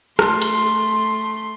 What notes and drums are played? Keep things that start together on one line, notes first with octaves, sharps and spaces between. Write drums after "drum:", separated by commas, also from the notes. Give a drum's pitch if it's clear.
A3 C6, drum: rim click
drum: hi-hat